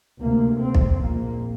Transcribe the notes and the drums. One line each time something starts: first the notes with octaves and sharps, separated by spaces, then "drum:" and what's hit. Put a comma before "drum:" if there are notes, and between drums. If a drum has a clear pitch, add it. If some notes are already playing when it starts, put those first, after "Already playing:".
D2 C3 A#3
C4
drum: kick
A#1 A#2 A#3